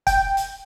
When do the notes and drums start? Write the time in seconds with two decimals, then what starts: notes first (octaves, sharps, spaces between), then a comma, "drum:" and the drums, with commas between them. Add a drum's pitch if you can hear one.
0.07 G5, drum: kick, hi-hat
0.37 drum: hi-hat